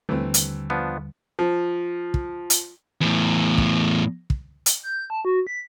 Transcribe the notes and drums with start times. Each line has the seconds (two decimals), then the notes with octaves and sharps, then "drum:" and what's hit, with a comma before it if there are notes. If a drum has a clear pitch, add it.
0.09 D#2 D3 E3 G3 A3 C4
0.34 drum: hi-hat
0.70 F3 B3 D4
1.39 F3
2.14 drum: kick
2.50 drum: hi-hat
3.01 E2 A2
3.58 drum: kick
4.30 drum: kick
4.66 drum: hi-hat
4.83 G6
5.10 A5
5.25 F#4
5.47 B6